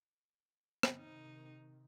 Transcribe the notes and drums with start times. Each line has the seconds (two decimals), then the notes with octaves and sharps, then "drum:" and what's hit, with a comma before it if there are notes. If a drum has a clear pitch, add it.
0.83 drum: rim click
0.96 C3 D#3 D#4